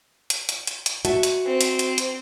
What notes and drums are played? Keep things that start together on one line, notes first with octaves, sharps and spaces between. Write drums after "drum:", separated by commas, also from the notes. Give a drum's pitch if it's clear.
drum: hi-hat
drum: hi-hat
drum: hi-hat
drum: hi-hat
F#4 E5 A5, drum: hi-hat
drum: hi-hat
C4
drum: hi-hat
drum: hi-hat
drum: hi-hat